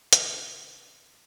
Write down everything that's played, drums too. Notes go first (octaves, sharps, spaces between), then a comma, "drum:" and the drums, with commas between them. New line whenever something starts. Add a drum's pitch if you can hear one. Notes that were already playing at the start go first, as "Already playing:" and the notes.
C3 D#3 F3 G#3 C#4 D4, drum: hi-hat